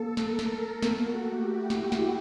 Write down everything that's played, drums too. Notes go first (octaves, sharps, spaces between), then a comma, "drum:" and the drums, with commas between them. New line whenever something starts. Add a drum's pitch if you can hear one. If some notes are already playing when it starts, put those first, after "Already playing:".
Already playing: A#3 A4
A#4, drum: snare
drum: snare
B3 F#4, drum: snare
A#3
A#3 G4
A3
E4
drum: snare
drum: snare